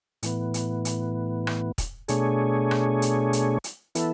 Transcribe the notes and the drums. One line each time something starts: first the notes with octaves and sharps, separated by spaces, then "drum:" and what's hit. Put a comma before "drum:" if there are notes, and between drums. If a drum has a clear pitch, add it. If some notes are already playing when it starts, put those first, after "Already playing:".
A2 E3 B3, drum: hi-hat
drum: hi-hat
drum: hi-hat
drum: rim click
drum: kick, hi-hat
B2 A3 D4 G#4 C#5, drum: hi-hat
drum: rim click
drum: hi-hat
drum: hi-hat
drum: hi-hat
E3 B3 E4 A4, drum: hi-hat